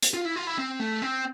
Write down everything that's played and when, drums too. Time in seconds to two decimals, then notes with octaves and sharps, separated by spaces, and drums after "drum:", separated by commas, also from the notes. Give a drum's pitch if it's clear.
0.03 drum: hi-hat
0.14 F4
0.25 E4
0.36 F4
0.47 E4
0.58 C4
0.79 A3
1.02 C4